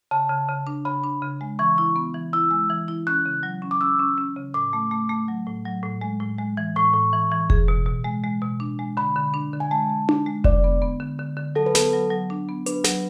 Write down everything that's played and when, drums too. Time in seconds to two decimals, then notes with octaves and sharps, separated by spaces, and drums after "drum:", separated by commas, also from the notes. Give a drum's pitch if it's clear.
0.11 C#3 A5
0.29 C#3
0.49 C#3
0.67 D4
0.85 C#3 B5
1.04 D4
1.22 C#3
1.41 G#3
1.59 E3 C#6
1.78 E4
1.96 B3
2.14 E3
2.33 E4 E6
2.51 G#3
2.70 E3
2.88 E4
3.07 C#4 F#6
3.26 C#3
3.43 F#3
3.62 C#4
3.71 D6
3.81 C#4 E6
3.99 C#4
4.18 C#4
4.36 C#3
4.54 A2 D6
4.73 A3
4.91 A3
5.10 A3
5.28 F#3
5.47 A2
5.65 F#3
5.83 A2
6.01 G#3
6.20 A2
6.39 G#3
6.57 E3
6.76 A2 C#6
6.94 A2
7.13 E3
7.31 E3
7.50 G#4, drum: kick F1
7.68 B2
7.86 B2
8.04 G#3
8.24 G#3
8.42 B2
8.60 D4
8.79 G#3
8.97 D3 B5
9.16 D3
9.34 D4
9.53 D3
9.60 G#5
9.71 G#3 A5
9.89 G#3
10.09 D4, drum: tom D4
10.26 G#3
10.44 D3 D5, drum: kick F1
10.64 B3
10.82 B3
11.00 D3
11.19 D3
11.37 D3
11.55 F#3 A4
11.66 B4
11.75 B3 A4, drum: snare
11.93 F#3
12.11 F#3
12.30 D4
12.49 B3
12.66 D4 B4, drum: hi-hat
12.84 F#3, drum: snare